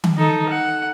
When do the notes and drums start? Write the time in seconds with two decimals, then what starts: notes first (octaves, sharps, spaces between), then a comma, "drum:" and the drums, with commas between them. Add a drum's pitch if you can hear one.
0.04 drum: tom D#3
0.17 D#4 A4
0.48 F#5